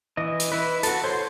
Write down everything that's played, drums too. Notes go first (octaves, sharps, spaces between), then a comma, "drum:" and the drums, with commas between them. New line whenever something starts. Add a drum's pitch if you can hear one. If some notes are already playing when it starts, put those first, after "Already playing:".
E3 D#5
drum: hi-hat
E4 B4
F#4 A4, drum: hi-hat
C5 C#5 C6